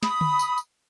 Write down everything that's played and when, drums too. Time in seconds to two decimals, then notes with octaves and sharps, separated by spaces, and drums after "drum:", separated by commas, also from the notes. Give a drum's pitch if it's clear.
0.03 B5 D#6, drum: snare
0.21 drum: tom D3
0.39 drum: tambourine
0.58 drum: tambourine